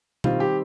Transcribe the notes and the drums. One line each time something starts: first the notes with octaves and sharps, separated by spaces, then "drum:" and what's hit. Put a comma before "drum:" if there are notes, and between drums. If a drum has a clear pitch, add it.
D#3 G3 C4 F4, drum: tom B2
G4